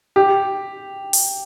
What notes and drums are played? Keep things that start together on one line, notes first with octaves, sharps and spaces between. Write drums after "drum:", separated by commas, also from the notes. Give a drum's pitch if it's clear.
G4
drum: open hi-hat